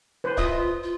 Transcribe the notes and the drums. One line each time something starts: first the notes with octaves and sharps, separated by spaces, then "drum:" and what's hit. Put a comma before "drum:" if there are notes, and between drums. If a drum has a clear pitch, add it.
B4 C5
F4 D#5 E5 D#6, drum: kick
F4